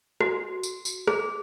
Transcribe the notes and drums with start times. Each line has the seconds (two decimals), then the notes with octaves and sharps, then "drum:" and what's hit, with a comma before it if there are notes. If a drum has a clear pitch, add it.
0.21 F#4, drum: rim click
0.63 drum: tambourine
0.85 drum: tambourine
1.07 G#4, drum: rim click